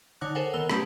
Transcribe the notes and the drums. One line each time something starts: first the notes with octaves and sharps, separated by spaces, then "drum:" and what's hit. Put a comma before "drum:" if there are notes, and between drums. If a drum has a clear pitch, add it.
D3 D#4 C#5 F#5 D6 F#6
A4 A#4 C5 C#5 F#5 G#5
D#3 B3 A#4 F#5 E6 G7
F#3 G#3 A3 C#4 G4 B4, drum: rim click